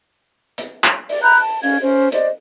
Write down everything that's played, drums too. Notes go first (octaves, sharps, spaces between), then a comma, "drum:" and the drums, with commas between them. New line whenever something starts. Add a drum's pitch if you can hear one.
drum: hi-hat
drum: clap
D5, drum: open hi-hat
A#5 B5 F#6 G6
A5
C#4 F5 G#6, drum: open hi-hat
C#4 C5
C5 D5 D#5, drum: hi-hat